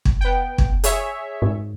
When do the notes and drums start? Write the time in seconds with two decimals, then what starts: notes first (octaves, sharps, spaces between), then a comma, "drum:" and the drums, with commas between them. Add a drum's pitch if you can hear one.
0.05 drum: kick
0.21 B3 G5
0.58 drum: kick
0.84 G#4 C#5 E5, drum: hi-hat
1.42 G#2